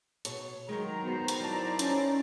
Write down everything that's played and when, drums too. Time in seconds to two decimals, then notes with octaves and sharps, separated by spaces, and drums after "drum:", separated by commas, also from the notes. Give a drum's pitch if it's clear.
0.25 B2 C#5, drum: hi-hat
0.69 D#3 F#3 G#3 A#5
1.04 B3 F#4 C5
1.28 drum: hi-hat
1.40 F#3 E4 C5 D5 A5
1.79 C#4, drum: hi-hat